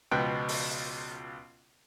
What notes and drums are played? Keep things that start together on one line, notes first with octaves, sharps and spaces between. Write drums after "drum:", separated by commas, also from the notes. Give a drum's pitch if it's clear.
C#2 B2 F3 G5 F#6
drum: open hi-hat